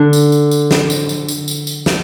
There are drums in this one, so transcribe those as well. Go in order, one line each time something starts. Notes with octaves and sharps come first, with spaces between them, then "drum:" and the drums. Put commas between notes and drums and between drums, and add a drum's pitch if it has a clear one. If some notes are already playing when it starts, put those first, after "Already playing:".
Already playing: D3 D4
drum: tambourine
drum: tambourine
drum: tambourine
drum: snare
drum: tambourine
drum: tambourine
drum: tambourine
drum: tambourine
drum: tambourine
drum: snare